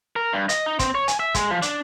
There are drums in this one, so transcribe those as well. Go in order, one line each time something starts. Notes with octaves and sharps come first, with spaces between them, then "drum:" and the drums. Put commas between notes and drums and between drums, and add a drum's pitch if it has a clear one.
A#4
G2
D#5, drum: hi-hat
D#4
C4, drum: kick, hi-hat
C#5
G#5, drum: hi-hat
E5
G#3, drum: kick, hi-hat
F3
D4, drum: hi-hat